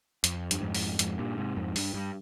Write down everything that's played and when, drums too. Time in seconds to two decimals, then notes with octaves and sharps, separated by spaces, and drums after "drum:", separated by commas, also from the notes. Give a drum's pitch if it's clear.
0.24 F2, drum: hi-hat
0.51 G2, drum: hi-hat
0.61 F2 G#2
0.75 drum: open hi-hat
0.99 F2 G#2, drum: hi-hat
1.19 G2 A#2
1.38 G#2 C3
1.56 F2 G#2
1.76 G2, drum: open hi-hat
1.94 G2